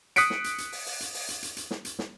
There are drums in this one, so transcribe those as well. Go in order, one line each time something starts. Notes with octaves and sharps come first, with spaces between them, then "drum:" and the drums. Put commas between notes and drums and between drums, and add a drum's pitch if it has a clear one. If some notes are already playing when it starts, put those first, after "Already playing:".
D#6 F#6 B6 C#7 D7, drum: hi-hat
drum: snare
drum: hi-hat
drum: hi-hat
drum: open hi-hat
drum: open hi-hat
drum: hi-hat
drum: open hi-hat
drum: hi-hat
drum: hi-hat
drum: hi-hat
drum: snare
drum: hi-hat
drum: snare